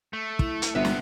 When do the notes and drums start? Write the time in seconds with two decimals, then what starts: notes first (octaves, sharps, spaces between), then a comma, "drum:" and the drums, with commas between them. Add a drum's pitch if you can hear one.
0.13 A3
0.39 E4, drum: kick
0.62 drum: hi-hat
0.75 G1 C3 B3 E5
0.85 drum: snare